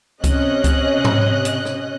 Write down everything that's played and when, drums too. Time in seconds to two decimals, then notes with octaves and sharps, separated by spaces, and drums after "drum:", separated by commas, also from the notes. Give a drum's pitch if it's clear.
0.24 C3 C#4 D#5 F#6, drum: kick C#2, hi-hat
0.64 drum: kick C#2, hi-hat
1.05 drum: tom G#2
1.45 drum: hi-hat
1.65 drum: rim click